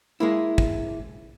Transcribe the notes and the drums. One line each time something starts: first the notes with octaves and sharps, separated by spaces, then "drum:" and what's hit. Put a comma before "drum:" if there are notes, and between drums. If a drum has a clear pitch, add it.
G#3 A#3 E4
drum: kick